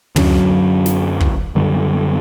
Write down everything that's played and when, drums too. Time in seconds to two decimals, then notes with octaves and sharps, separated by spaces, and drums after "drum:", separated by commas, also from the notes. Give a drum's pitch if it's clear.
0.16 F#2 D3 F#3 C#4, drum: tom
0.86 drum: snare
1.20 drum: kick
1.55 F#2 D3 G3